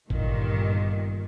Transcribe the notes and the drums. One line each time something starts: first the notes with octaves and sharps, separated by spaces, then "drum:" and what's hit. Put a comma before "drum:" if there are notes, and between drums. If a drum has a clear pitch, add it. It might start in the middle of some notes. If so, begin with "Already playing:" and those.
G1 A#2 D#3, drum: kick G#1